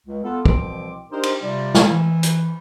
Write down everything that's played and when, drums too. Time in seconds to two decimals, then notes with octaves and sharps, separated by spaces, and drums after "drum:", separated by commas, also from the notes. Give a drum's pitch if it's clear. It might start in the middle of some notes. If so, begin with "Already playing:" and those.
0.07 C#2
0.24 B3 F4 A4
0.45 C2 B2 E3 F3 C4 D6, drum: kick
1.12 D4 D#4 G4 A#4 C5
1.23 drum: cymbal
1.42 C3 G3 F4 D5
1.75 drum: snare
1.88 E3
2.23 drum: hi-hat